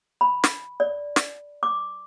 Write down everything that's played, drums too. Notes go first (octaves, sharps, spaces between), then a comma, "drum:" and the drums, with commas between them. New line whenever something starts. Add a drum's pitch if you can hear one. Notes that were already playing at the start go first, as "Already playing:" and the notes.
B5
drum: snare
D5
drum: snare
D6